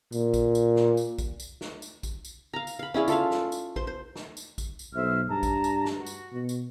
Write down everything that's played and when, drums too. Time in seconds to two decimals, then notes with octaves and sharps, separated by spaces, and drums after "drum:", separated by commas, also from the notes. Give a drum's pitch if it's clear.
0.12 A#2, drum: tambourine
0.34 drum: kick A#1, tambourine
0.55 drum: tambourine
0.76 drum: snare
0.97 drum: tambourine
1.18 drum: kick A#1, tambourine
1.40 drum: tambourine
1.61 drum: snare
1.82 drum: tambourine
2.03 drum: kick A#1, tambourine
2.25 drum: tambourine
2.53 F5 A#5
2.67 drum: tambourine
2.79 F5 B5
2.94 C#4 E4 G#4 D5
3.08 F4 A4 E5 F5, drum: tambourine
3.31 drum: snare
3.52 drum: tambourine
3.76 C5 C6, drum: kick A#1
3.87 C5
4.16 drum: snare
4.37 drum: tambourine
4.58 drum: kick A#1, tambourine
4.79 drum: tambourine
4.94 B1 C5 E5 F6
5.29 G2 A5 A#5
5.43 drum: kick A#1, tambourine
5.64 drum: tambourine
5.85 drum: snare
5.97 F#4
6.06 drum: tambourine
6.33 B2
6.49 drum: tambourine